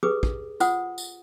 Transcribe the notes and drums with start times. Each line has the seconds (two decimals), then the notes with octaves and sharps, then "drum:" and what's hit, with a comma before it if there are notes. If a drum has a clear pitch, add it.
0.03 G4 G#4 B4 D6 D#6
0.23 drum: kick
0.60 F4 C5 F#5 D#6, drum: tambourine
0.98 drum: tambourine